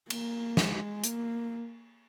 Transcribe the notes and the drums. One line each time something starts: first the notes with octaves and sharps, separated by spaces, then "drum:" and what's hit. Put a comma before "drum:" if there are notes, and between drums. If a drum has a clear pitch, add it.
A#3, drum: cymbal
G#3, drum: snare
A#3, drum: hi-hat